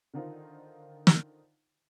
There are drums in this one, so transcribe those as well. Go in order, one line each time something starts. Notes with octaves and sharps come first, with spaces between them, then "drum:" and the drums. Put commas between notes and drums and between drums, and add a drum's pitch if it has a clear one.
D3 D#3 D#4 F4 C5
drum: snare